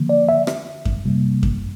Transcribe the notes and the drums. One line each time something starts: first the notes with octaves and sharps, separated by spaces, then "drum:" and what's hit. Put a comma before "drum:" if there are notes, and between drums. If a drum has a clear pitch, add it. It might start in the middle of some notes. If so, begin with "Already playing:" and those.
Already playing: D3 F3 A#3
D5
E5
drum: rim click
drum: kick F#2
C3 G3 A#3
drum: kick F#2